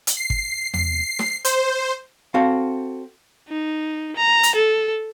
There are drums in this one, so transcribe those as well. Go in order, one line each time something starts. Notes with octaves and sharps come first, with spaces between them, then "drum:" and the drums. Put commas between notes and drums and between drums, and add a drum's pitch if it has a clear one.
drum: hi-hat
C7
drum: kick
C7, drum: tom E2
drum: snare
C5, drum: hi-hat
C4 F#4 A4 F5
D#4
A#5
drum: hi-hat
A4